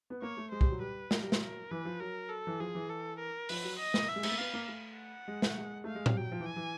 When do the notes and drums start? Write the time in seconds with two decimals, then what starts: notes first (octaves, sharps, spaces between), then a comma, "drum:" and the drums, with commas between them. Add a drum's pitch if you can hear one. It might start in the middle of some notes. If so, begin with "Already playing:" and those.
0.10 B3
0.22 A#3 C#5
0.37 A3
0.52 G#3 C5
0.61 G3, drum: kick
0.70 F#3
0.80 G3 B4
1.11 F#3 A#4, drum: snare
1.21 G3
1.32 F#3, drum: snare
1.41 A#4
1.71 E3 B4
1.85 F3
2.00 F#3 A#4
2.30 A4
2.47 E3
2.60 F3 G#4
2.75 E3
2.90 A4
3.19 A#4
3.49 F3 B4, drum: open hi-hat
3.64 F#3
3.79 D#5
3.94 A#3, drum: snare
4.09 E5
4.16 G#3
4.23 A3, drum: cymbal
4.31 A#3
4.38 B3 F5
4.53 A#3
4.68 A3
4.98 F#5
5.28 G#3
5.42 A3, drum: snare
5.58 G#3
5.84 A3 F5
5.95 G#3
6.06 G3, drum: tom A2
6.17 F#3 G5
6.32 F3
6.40 E3
6.46 G#5
6.56 E3